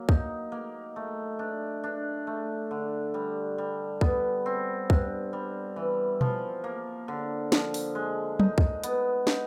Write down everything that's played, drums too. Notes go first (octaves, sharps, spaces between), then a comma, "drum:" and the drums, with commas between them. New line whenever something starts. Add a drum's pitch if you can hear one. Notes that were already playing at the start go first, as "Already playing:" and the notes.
Already playing: F#3 A#3
D#4, drum: kick
A#3
A3
D4
D4
A3
D3
G3
G3
B3, drum: kick
C4
G2, drum: kick
G3
E3
F3, drum: tom B2
A#3
D3
F3, drum: snare
drum: open hi-hat
G#3
D#4, drum: tom F#3
drum: kick
B3, drum: hi-hat
D#4, drum: snare